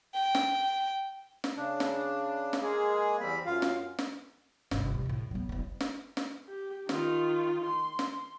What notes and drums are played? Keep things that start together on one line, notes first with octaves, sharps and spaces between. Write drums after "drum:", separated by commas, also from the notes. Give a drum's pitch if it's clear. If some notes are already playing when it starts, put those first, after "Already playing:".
G5
drum: snare
drum: snare
C#3 D4
drum: snare
drum: snare
G#3 A#3 G#4
E2 G3 C4 B5
F#2 F4 F5
drum: snare
drum: snare
G1 C3, drum: snare
C2 C3
D#2 A2
F#3 B3
F#1 B3
drum: snare
drum: snare
G4
D#3 F4, drum: snare
C6
drum: snare